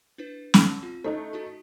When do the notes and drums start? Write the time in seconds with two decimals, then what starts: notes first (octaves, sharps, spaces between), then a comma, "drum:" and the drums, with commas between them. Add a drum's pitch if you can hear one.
0.18 D4 E4 B4
0.54 drum: snare
0.83 C4 F4
1.04 A3 C#4 D#4 E4
1.33 E4 F#4 G#4